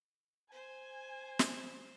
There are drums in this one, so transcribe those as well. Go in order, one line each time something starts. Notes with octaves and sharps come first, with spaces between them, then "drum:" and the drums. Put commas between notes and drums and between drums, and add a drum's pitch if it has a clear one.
C5 G#5
drum: snare